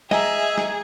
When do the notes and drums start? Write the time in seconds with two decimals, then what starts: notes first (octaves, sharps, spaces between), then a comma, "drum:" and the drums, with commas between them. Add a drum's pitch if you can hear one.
0.11 G#4 D#5 E5 G5 G#5 A#5, drum: snare
0.58 drum: snare